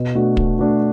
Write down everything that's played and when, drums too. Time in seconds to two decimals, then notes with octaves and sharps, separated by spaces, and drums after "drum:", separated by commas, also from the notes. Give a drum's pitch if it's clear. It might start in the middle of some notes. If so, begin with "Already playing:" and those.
Already playing: B2
0.15 A3 D4 F#4
0.37 B2, drum: kick
0.59 A3 D4 F#4